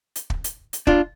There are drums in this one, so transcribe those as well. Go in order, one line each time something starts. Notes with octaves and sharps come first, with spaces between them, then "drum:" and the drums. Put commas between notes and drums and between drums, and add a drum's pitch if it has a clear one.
drum: hi-hat
drum: kick
drum: hi-hat
drum: hi-hat
D4 F4, drum: kick